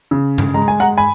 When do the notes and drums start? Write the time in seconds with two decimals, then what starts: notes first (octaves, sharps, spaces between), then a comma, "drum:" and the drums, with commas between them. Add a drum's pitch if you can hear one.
0.11 C#3
0.38 drum: tom G2
0.54 G#3 A#5
0.68 G#5
0.80 F#5 A#5
0.97 G#5 B5